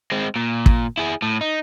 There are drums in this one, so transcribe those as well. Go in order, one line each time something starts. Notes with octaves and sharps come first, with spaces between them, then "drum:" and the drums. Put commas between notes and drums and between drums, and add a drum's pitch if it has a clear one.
G#3 C4
A#2
drum: kick
E4 G#4
A2
D#4